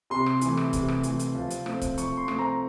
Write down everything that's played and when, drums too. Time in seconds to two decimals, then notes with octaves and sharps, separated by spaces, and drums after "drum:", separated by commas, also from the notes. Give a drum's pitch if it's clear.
0.10 C3 C6
0.26 drum: rim click
0.41 E3 A3, drum: hi-hat
0.57 drum: rim click
0.73 C3, drum: kick, hi-hat
0.88 drum: rim click
1.03 E3 A3, drum: hi-hat
1.19 drum: hi-hat
1.35 F3
1.51 drum: hi-hat
1.66 A3 C4, drum: rim click
1.82 drum: kick, hi-hat
1.98 F3 C#6, drum: hi-hat
2.17 C6
2.28 A3 C4, drum: rim click
2.39 A#5